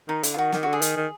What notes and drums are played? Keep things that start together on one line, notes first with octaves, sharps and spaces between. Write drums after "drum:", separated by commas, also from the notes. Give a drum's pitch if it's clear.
D#3 D#4
D3 E4, drum: hi-hat
F4
D#3 F#4
D#3 G4, drum: snare
D3 F#4
G#4
D#3, drum: hi-hat
D#3